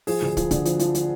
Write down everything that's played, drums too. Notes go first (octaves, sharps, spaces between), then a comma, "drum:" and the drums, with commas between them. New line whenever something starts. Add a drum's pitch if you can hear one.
F3 G#4, drum: open hi-hat
D2
F3, drum: kick, hi-hat
D3, drum: kick, hi-hat
F3, drum: hi-hat
F3, drum: hi-hat
F3, drum: hi-hat